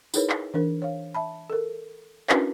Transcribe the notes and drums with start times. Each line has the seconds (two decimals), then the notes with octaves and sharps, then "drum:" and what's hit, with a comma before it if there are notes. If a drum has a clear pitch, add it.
0.14 D#4 E4 G#4 A#4 B4 C#5, drum: tambourine
0.30 drum: clap
0.54 E3 D4 A#4 C5
0.82 C#5 F5
1.14 E5 A5 B5
1.50 A4 A#4
2.29 C#4 D4 E4 F#4 A#4 B4, drum: clap